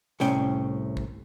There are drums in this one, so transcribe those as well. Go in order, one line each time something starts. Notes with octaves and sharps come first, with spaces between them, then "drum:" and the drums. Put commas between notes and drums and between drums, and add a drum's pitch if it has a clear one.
C2 A2 C#4 G5, drum: snare
drum: kick